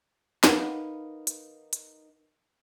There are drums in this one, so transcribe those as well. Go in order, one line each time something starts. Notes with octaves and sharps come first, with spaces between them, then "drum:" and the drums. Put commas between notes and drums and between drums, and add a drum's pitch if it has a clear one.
D#4 A#4 B4 F5 F#5, drum: snare
drum: hi-hat
drum: hi-hat